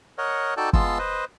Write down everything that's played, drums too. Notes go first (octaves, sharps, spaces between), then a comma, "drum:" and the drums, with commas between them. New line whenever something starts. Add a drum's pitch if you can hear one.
A#4 C#5 D#5 F#5
D#4 F#4 A4 D5 G5 A5
G#3 B3 F4 A5 C6 E6, drum: kick
B4 C5 D#5